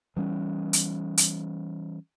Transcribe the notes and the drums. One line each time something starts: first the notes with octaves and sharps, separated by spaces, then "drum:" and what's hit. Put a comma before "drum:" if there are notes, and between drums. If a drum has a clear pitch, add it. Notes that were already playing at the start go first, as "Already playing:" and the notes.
E3 G3 C#4
drum: hi-hat
drum: hi-hat